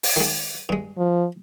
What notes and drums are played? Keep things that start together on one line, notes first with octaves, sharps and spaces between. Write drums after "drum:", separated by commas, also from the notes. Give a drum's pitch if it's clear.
drum: open hi-hat
D#3 G#3
G2 G#3
F3